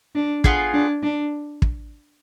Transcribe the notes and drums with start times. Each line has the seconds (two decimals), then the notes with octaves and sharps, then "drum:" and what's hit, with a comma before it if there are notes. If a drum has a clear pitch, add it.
0.15 D4
0.44 B3 F4 G#4, drum: kick
0.74 D4
1.03 D4
1.62 drum: kick